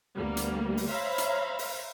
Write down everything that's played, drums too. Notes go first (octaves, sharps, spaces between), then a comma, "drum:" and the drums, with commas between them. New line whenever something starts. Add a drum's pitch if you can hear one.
D2 G3 A#3 B3
drum: hi-hat
drum: open hi-hat
C5 C#5 E5 F5 A#5 B5
drum: hi-hat
drum: open hi-hat